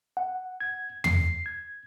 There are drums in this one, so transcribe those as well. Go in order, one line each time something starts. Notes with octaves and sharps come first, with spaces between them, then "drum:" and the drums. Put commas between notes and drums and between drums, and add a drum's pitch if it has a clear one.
F#5
G#6
C7, drum: tom
G#6